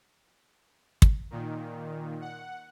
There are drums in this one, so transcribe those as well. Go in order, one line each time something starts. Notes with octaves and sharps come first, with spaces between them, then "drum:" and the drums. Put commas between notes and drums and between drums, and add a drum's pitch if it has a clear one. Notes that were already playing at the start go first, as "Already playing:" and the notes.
drum: kick
A#2 D#3
F#5